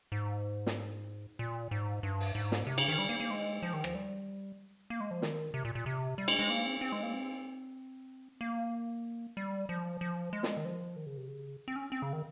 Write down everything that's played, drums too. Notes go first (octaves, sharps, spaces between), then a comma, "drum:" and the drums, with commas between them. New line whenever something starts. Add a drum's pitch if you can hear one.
G#2
drum: snare
A#2
G#2
G2
drum: open hi-hat
G#2
drum: snare
C3
C#3, drum: cymbal
D#3
G3
A#3
A#3
G#3
F3
D#3
F3, drum: rim click
G3
A#3
G#3
F3
D#3, drum: snare
C3
A#2
A#2
C3
G3
G#3, drum: cymbal
G#3
A#3
C4
C4
G#3
A#3
C4
A#3
G3
F3
F3
G#3
drum: snare
D#3
F3
D#3
C#3
C3
C#3
C4
C#4
C4
C#3
D#3